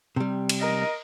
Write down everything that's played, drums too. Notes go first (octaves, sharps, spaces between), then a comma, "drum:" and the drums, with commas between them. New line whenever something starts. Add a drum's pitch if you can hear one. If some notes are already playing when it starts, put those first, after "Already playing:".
C3 G3
drum: cymbal
A#4 D#5